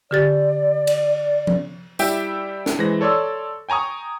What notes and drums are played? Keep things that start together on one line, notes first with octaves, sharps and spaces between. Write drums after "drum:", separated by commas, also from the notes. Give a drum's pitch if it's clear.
D3 G4 D5 A6
drum: cymbal
drum: tom F3
G3 E4 G4 E5 G5, drum: tambourine
drum: snare
E3 G#3 C5 A#6
A4 C#5 D5 C6 E6
G5 G#5 A#5 C#6 D#6